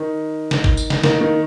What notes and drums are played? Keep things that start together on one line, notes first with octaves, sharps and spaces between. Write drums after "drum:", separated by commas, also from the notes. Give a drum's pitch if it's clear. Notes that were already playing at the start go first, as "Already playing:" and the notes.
Already playing: D#3
drum: snare
drum: kick G1
drum: tambourine
drum: snare
D#3, drum: snare
D#3